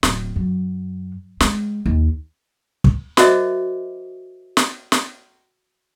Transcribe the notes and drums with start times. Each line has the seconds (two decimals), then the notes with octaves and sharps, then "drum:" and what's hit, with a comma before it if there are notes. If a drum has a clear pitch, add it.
0.03 D1, drum: snare
0.36 F#2
1.40 G#3, drum: snare
1.86 D#2
2.84 drum: kick
3.17 F#4 A#4 C5 D#5 E5 D6, drum: snare
4.57 drum: snare
4.92 drum: snare